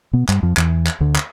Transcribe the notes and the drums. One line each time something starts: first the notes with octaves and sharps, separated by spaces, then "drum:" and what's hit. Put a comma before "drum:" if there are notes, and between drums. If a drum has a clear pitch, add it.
B2 B3
G2 G3, drum: clap
F2 F3
E2 E3, drum: clap
drum: clap
D2 D3
drum: clap